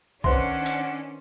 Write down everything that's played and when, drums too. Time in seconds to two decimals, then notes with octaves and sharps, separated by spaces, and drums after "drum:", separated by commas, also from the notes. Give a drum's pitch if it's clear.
0.24 D#3 C#4 D4 B4 C5 E5 F#5 C6, drum: kick B1
0.66 drum: hi-hat